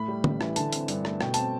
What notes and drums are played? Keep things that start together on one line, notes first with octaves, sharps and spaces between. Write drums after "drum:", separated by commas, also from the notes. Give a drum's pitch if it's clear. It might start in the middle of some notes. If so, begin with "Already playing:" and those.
Already playing: A2 B5
G3
A1, drum: tom
E3, drum: rim click
D3 A5, drum: hi-hat
C4, drum: hi-hat
G2, drum: hi-hat
A3, drum: rim click
B2 G5, drum: rim click
C4 A5, drum: hi-hat